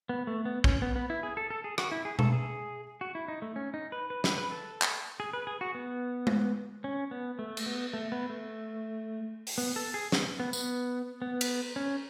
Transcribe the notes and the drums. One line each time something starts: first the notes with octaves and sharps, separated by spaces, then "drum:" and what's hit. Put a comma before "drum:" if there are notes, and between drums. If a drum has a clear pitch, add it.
B3
A3
B3
C#4, drum: kick
B3
B3
E4
G#4
A4
A4
G#4
F#4, drum: rim click
E4
G#4
A4, drum: tom B2
G#4
F#4
E4
D#4
A3
C#4
D#4
B4
B4
B4, drum: snare
B4
A4
drum: clap
G#4
B4
G#4
F#4
B3
drum: tom G#3
C#4
B3
A3
drum: cymbal
B3
A3
B3
A3
drum: open hi-hat
B3
A4
G#4
B3, drum: snare
B3
B3, drum: tambourine
B3
drum: cymbal
C#4